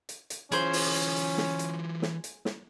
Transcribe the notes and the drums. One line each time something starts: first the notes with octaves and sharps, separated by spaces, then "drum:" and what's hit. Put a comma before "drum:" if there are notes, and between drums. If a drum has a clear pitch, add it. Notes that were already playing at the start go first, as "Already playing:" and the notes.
drum: hi-hat
drum: hi-hat
E3 C#4 F4 G#4 C5, drum: hi-hat
drum: open hi-hat
drum: hi-hat
drum: hi-hat
drum: snare
drum: hi-hat
drum: snare
drum: hi-hat
drum: snare